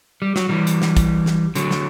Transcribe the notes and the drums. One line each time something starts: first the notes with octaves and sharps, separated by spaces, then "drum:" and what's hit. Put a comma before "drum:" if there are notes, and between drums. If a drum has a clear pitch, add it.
G3
F#3, drum: snare
E3 G3
drum: hi-hat
drum: snare
drum: kick, hi-hat
drum: snare
D3 F#3, drum: hi-hat
drum: snare